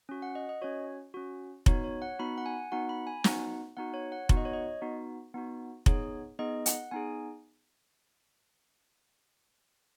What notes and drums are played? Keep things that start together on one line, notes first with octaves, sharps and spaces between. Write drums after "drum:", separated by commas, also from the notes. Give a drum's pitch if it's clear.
C#4 F#4
F#5
D#5
D#5
C#4 F#4 C#5
C#4 F#4
B3 D#4 F#4 C#5, drum: kick F1
C#5
F#5
B3 D#4 F#4 B5
F#5
G#5
B3 D#4 F#4 F#5
B5
G#5
B3 D#4 F#4 F#5, drum: snare
B3 D#4 F#4 F#5
C#5
F#5
B3 D#4 F#4 F#5, drum: kick F1
D#5
C#5
D#5
B3 D#4 F#4
B3 D#4 F#4
B3 D#4 G#4 C#5, drum: kick F1
B3 D#4 G#4 D#5
F#5, drum: hi-hat
B3 D#4 G#4 G#5